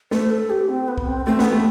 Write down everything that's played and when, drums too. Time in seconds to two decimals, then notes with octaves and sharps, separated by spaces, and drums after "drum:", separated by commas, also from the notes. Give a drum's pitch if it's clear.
0.11 A3 C5, drum: snare
0.31 A4
0.50 G4
0.69 C4
0.88 B3
0.98 drum: kick
1.07 C4
1.26 A3 C4
1.39 B3, drum: snare
1.45 A4
1.52 A3